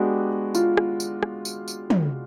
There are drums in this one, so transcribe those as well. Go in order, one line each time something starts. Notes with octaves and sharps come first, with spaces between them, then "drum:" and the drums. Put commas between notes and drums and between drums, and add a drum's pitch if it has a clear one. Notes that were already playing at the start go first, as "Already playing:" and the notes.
Already playing: G#3 B3 D4 F#4 G4
F4, drum: tambourine
drum: rim click
drum: tambourine
drum: rim click
drum: tambourine
drum: tambourine
drum: tom